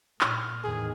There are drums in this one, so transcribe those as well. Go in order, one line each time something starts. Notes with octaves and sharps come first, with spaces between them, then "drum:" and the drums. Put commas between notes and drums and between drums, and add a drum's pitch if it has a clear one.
A#2 F6, drum: clap
E2 A2 D#3 G#4